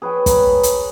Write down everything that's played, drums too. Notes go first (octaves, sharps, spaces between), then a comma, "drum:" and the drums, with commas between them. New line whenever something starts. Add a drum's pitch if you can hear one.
G#4 B4 C#5 G5
B4 A#5 B5, drum: kick, hi-hat
drum: hi-hat